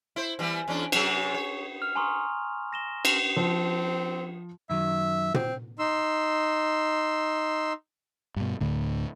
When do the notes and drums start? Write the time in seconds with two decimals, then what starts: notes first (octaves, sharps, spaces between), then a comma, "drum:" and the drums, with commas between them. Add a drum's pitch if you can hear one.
0.16 E4 C5
0.39 E3 G3 B3
0.68 E2 C#4 D4
0.92 C3 F#3 G#4, drum: cymbal
1.34 C#5
1.82 F6 F7
1.96 G#5 A#5 C6 C#6 D#6
2.73 A#6 E7 G7
3.05 drum: cymbal
3.36 F3 C4
4.70 F#2 D#3 F#3 E5
5.34 C4, drum: tom
5.79 D#4 C6 E6
8.36 G2 B2
8.61 D2 A2 D3